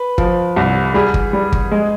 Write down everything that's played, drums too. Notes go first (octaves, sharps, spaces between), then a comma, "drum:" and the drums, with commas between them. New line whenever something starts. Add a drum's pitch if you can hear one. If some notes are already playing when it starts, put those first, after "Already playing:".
Already playing: B4
F3, drum: kick
C2
G3 G#4
drum: kick
G3
drum: kick
G#3